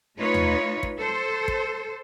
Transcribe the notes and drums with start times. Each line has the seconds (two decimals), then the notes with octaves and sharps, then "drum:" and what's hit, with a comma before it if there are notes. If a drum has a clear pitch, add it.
0.19 A3 D#4 F4 B4 C#5
0.34 drum: tom
0.83 drum: kick
0.99 A4 C5
1.48 drum: kick